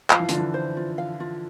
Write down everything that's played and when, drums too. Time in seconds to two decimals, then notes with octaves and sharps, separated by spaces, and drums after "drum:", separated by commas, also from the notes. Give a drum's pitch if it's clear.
0.10 F3 F5, drum: clap
0.20 E3
0.29 D3 F4, drum: hi-hat
0.38 E3
0.54 C5
0.77 F4
0.98 F5
1.20 F4